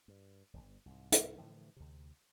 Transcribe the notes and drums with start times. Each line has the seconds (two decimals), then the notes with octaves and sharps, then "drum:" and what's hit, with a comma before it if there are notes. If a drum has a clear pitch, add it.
0.08 G2
0.53 D1 G1
0.86 C2 G#2
1.12 drum: hi-hat
1.38 A2 D3 E3 F3
1.76 D2 C3